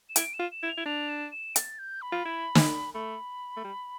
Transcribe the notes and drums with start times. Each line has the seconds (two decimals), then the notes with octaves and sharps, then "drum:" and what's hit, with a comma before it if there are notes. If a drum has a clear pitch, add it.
0.09 E7
0.16 E4 D7, drum: hi-hat
0.34 E7
0.39 F4
0.52 E7
0.63 E4
0.69 F7
0.78 E4
0.86 D4 F7
1.09 E7
1.32 E7
1.56 A6, drum: hi-hat
1.79 G6
2.02 B5
2.12 F4
2.26 E4
2.55 drum: snare
2.94 A3 B5
3.57 A3
3.64 G3